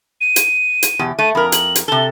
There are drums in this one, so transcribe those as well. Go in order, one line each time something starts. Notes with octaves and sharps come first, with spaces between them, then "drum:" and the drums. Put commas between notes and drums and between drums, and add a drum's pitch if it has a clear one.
D#7
drum: hi-hat
drum: hi-hat
E2 B2 G4
A3 D#7
F2 A#4 B5
F#7, drum: hi-hat
drum: hi-hat
C3 A4 G7